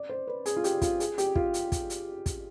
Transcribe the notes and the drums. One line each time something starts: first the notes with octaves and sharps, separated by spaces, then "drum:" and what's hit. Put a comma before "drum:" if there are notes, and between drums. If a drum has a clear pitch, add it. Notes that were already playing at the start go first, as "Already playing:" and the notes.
Already playing: D5
C5
B4
G#4, drum: hi-hat
F4
G4, drum: hi-hat
F4, drum: kick, hi-hat
G#4, drum: hi-hat
G4, drum: hi-hat
F4, drum: kick
drum: hi-hat
drum: kick, hi-hat
drum: hi-hat
drum: kick, hi-hat